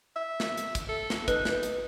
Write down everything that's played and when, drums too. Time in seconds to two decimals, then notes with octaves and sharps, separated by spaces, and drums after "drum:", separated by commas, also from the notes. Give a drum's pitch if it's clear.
0.16 E5
0.40 drum: snare
0.57 drum: hi-hat
0.75 drum: kick, hi-hat
0.89 A4
1.10 drum: snare
1.28 D#4 B4, drum: kick, hi-hat
1.45 drum: snare
1.63 drum: hi-hat